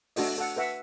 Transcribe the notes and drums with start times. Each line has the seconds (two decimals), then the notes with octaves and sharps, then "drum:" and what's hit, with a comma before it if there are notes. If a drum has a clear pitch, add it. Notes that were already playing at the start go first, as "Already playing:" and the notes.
0.16 A3 D4 F#4 A4 D#5, drum: open hi-hat
0.38 A4 F#5
0.56 A4 B4 E5 F#5